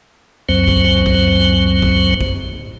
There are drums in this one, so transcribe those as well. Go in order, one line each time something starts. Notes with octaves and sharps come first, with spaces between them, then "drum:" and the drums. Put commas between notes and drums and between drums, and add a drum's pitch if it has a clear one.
C#2 F#2 F#3 C4 C5
drum: kick A#1
drum: kick A#1
drum: kick A#1
drum: kick A#1